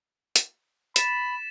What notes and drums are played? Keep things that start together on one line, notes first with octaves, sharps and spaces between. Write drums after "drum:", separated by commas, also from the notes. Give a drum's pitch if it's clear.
drum: hi-hat
B5 A6 B6 E7, drum: hi-hat